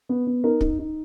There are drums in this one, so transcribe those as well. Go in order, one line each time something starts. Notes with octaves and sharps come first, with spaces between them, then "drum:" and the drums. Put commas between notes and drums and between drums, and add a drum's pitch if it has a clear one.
B3
B3
D#4 A#4
D#4, drum: kick
D#4